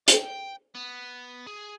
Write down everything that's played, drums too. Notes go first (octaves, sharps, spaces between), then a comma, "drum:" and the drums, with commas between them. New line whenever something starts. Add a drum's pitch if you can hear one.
G5, drum: hi-hat
B3
G#4